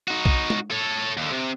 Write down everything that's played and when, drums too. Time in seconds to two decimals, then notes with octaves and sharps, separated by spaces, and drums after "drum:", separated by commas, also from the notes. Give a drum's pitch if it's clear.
0.08 D#4 F#4
0.25 drum: kick B1
0.50 drum: tom
0.71 A4 C#5
1.17 D#2 D3
1.32 C3